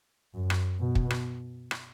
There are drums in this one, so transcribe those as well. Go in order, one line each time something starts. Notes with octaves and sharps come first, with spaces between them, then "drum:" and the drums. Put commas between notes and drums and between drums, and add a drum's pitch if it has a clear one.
F#2
drum: rim click
B2
drum: kick
drum: rim click
drum: rim click